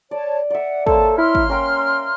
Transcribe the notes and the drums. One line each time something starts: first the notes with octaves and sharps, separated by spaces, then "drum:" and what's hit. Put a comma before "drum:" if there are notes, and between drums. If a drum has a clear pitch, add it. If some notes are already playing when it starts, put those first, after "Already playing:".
C#5 D5 A5
D5 E5 F#5
A#3 A4 C5 C#5 A5, drum: kick
E4 C6 F6
drum: kick
C#4 A#4 G5